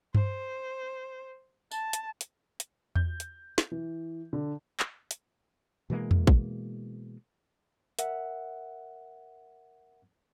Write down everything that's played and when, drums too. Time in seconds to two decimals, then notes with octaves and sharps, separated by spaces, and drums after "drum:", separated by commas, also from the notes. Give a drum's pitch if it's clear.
0.15 C5, drum: tom G2
1.71 A5, drum: tambourine
1.93 drum: hi-hat
2.21 drum: hi-hat
2.60 drum: hi-hat
2.95 G6, drum: tom E2
3.20 drum: hi-hat
3.58 drum: snare
3.72 E3
4.33 D3
4.80 drum: clap
5.11 drum: hi-hat
5.90 B2 E3 G#3 A#3
6.11 drum: tom E2
6.27 drum: kick
7.99 A#4 E5 F#5, drum: hi-hat